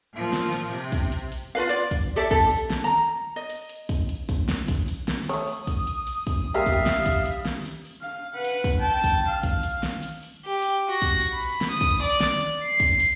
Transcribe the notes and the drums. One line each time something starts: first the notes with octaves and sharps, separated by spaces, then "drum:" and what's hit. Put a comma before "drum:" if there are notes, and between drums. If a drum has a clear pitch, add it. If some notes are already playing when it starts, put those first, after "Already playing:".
A#2 F3
drum: snare
drum: hi-hat
C3, drum: open hi-hat
drum: kick, hi-hat
drum: hi-hat
drum: hi-hat
F4 F#4 B4 F5
D5, drum: hi-hat
drum: kick, hi-hat
G4 A4 D5 E5
A4, drum: kick, hi-hat
drum: hi-hat
drum: snare
A#5
D#5
drum: hi-hat
drum: hi-hat
drum: kick, hi-hat
drum: hi-hat
drum: kick, hi-hat
drum: snare
drum: kick, hi-hat
drum: hi-hat
drum: snare
A3 A4 C#5 D#6, drum: hi-hat
drum: open hi-hat
drum: kick, hi-hat
drum: hi-hat
drum: hi-hat
drum: kick, hi-hat
G3 G#3 A#3 G4 E5 F5
drum: kick, hi-hat
drum: snare
drum: kick, hi-hat
drum: hi-hat
drum: snare
drum: hi-hat
drum: open hi-hat
F5
B4 F#5
drum: hi-hat
drum: kick, hi-hat
G5 A5
drum: kick, hi-hat
F5
drum: kick, hi-hat
drum: hi-hat
drum: snare
drum: hi-hat
drum: open hi-hat
G4
drum: hi-hat
F#4 A#6
drum: kick, hi-hat
drum: hi-hat
B5
drum: snare
D#6
drum: kick, hi-hat
D5, drum: hi-hat
drum: snare
C7
drum: kick, hi-hat
drum: hi-hat